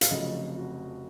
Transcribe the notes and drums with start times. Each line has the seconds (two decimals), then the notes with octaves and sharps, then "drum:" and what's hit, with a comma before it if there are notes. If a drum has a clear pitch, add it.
0.01 F5, drum: hi-hat
0.09 F1 F2 C#3 F#3 D#5
0.58 F#4